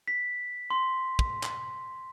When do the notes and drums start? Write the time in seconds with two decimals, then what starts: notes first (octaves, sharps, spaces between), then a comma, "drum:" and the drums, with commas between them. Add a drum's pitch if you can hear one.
0.08 B6
0.70 C6
1.19 drum: kick
1.43 drum: clap